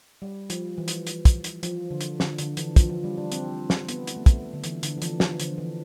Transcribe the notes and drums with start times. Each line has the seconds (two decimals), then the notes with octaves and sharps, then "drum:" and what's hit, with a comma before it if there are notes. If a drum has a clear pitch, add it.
0.22 G3
0.50 F3, drum: hi-hat
0.78 E3
0.88 drum: hi-hat
1.07 drum: hi-hat
1.25 drum: kick, hi-hat
1.44 drum: hi-hat
1.63 F3, drum: hi-hat
1.91 D3
2.01 drum: hi-hat
2.20 D3, drum: snare
2.38 D3, drum: hi-hat
2.57 E3, drum: hi-hat
2.76 F3, drum: kick, hi-hat
2.90 F3
3.04 G3
3.18 D4
3.32 C4, drum: hi-hat
3.70 drum: snare
3.89 B3, drum: hi-hat
4.07 drum: hi-hat
4.17 A3
4.26 drum: kick, hi-hat
4.53 D3
4.64 E3, drum: hi-hat
4.83 D3, drum: hi-hat
4.98 F3
5.02 E3, drum: hi-hat
5.20 F3, drum: snare
5.40 D3, drum: hi-hat
5.58 E3